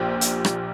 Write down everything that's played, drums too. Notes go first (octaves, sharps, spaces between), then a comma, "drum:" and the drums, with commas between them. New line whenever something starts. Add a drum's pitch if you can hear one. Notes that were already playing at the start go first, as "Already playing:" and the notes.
Already playing: A#1 A#2 G4 C5
drum: hi-hat
drum: rim click